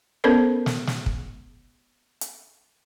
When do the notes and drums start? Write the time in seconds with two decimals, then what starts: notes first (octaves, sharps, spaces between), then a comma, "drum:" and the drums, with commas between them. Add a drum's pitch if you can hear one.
0.24 B3 C#4 A4 A#4 C5 D5
0.66 drum: snare
0.87 drum: snare
1.06 drum: kick
2.21 drum: hi-hat